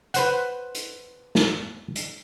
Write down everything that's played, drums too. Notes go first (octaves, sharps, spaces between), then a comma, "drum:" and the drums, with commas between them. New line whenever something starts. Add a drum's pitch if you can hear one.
B4 C5 F#5, drum: hi-hat
drum: hi-hat
drum: snare
drum: hi-hat